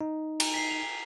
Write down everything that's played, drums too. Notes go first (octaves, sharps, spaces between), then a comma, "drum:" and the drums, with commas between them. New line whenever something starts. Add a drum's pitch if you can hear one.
D#4
A#5, drum: cymbal
B6 C7
F7